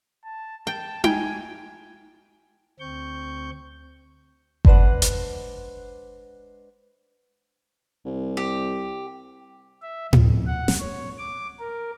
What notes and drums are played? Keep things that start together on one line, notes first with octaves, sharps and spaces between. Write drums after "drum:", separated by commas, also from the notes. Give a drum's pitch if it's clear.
A5
G5 A5
G5 G#5, drum: tom D#4
D2 C4 C#6 G6
G#3 D4 B4 C5 F#5, drum: kick G1
drum: hi-hat
C2
G4
E5
F2, drum: tom A2
F#5
drum: snare
C#5
D6
A#4